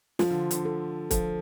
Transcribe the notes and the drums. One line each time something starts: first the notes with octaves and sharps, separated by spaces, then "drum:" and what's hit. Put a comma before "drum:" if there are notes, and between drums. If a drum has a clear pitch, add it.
F3 F4, drum: snare
D3
D3, drum: hi-hat
A4
F3 A4, drum: kick, hi-hat